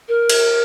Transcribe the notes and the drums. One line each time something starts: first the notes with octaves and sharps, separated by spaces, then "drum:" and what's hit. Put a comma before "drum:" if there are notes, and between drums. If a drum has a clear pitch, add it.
A#4
drum: cymbal